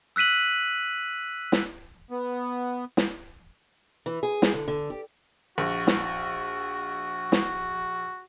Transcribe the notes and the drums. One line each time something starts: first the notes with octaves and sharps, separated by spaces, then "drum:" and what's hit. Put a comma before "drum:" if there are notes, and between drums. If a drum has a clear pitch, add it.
E6 F#6 B6 D#7 F#7
drum: snare
B3
drum: snare
E3
G#4
drum: snare
D3
D3
G4
A#1 F#4
drum: snare
drum: snare